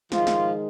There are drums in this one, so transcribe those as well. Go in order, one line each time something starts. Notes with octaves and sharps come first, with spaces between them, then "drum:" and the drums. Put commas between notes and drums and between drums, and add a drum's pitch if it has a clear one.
G#2 D#3 F3 G#3 F4, drum: snare
drum: snare